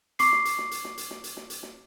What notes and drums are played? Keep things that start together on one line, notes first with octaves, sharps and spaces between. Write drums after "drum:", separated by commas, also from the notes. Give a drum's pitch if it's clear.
C#6 D6 C7, drum: hi-hat
drum: snare
drum: hi-hat
drum: snare
drum: hi-hat
drum: snare
drum: hi-hat
drum: snare
drum: hi-hat
drum: snare
drum: hi-hat
drum: snare